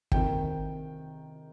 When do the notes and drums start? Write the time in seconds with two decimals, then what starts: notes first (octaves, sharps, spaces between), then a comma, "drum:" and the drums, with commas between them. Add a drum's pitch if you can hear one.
0.12 C3 D#3 G5, drum: kick